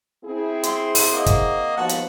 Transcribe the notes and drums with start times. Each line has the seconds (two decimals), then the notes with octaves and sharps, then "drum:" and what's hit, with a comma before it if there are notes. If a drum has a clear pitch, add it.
0.25 C4 E4 G#4
0.63 C6, drum: hi-hat
0.95 drum: open hi-hat
1.13 A#3 D#5 F#5
1.26 drum: kick, hi-hat
1.77 D#2 F3 B3 F#4 F#5 A5
1.89 drum: hi-hat